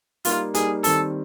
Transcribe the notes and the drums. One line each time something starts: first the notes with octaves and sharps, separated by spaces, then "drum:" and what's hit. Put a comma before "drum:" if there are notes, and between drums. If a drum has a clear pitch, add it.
G3 A#3 D#4 F4, drum: open hi-hat
G3 A#3 D#4 G#4, drum: hi-hat
D#3 G3 C4 A4, drum: open hi-hat